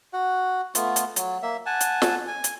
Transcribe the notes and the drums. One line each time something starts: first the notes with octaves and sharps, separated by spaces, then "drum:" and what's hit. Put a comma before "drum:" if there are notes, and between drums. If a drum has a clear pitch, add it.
F#4 F#5
A3 B3 F4, drum: hi-hat
drum: hi-hat
F#3, drum: hi-hat
A#3 E5
F#5 G#5 A5
drum: hi-hat
drum: snare
G#5
drum: hi-hat